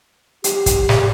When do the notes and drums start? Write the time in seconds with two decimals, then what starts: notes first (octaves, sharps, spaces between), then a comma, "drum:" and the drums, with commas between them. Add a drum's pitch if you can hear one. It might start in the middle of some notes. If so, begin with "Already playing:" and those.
0.44 G4, drum: hi-hat
0.66 drum: kick, hi-hat
0.89 drum: snare